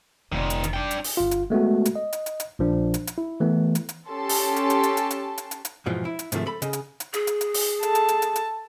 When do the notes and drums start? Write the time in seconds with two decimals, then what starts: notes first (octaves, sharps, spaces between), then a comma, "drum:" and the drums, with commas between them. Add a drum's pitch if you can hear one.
0.32 F1 A#2 D#3
0.50 drum: hi-hat
0.64 drum: hi-hat
0.74 D4 G5
0.91 drum: hi-hat
1.04 drum: open hi-hat
1.17 G1 F4
1.31 drum: hi-hat
1.50 G#3 A3 B3 F#4
1.85 drum: hi-hat
1.95 D#5
2.13 drum: hi-hat
2.26 drum: hi-hat
2.40 drum: hi-hat
2.59 A#1 F3 D4
2.94 drum: hi-hat
3.07 drum: hi-hat
3.18 E4
3.40 E3 A3 B3
3.75 drum: hi-hat
3.89 drum: hi-hat
4.08 C#4 G4 A4 A5 C6
4.29 drum: open hi-hat
4.56 drum: hi-hat
4.70 drum: hi-hat
4.83 drum: hi-hat
4.97 drum: hi-hat
5.11 drum: hi-hat
5.38 drum: hi-hat
5.51 drum: hi-hat
5.65 drum: hi-hat
5.86 E2 G#2 B2 E3 F3
6.05 E4
6.19 drum: hi-hat
6.32 G#2 C3 D#3 F3 A3, drum: hi-hat
6.46 A4 B5
6.62 C#3 D#5, drum: hi-hat
6.73 drum: hi-hat
7.00 drum: hi-hat
7.14 G#4, drum: hi-hat
7.27 drum: hi-hat
7.41 drum: hi-hat
7.54 drum: open hi-hat
7.83 A4 A5, drum: hi-hat
7.95 drum: hi-hat
8.08 drum: hi-hat
8.22 drum: hi-hat
8.36 drum: hi-hat